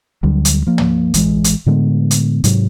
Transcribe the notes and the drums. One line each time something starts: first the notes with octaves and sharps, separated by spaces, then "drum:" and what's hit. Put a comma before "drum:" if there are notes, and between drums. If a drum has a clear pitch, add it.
D2 D3 F#3 G3
drum: hi-hat
F3 A#3
drum: tom
A1 E3 G#3, drum: hi-hat
drum: hi-hat
A2 D3 G#3 B3
drum: hi-hat
G#2 C3 F#3, drum: hi-hat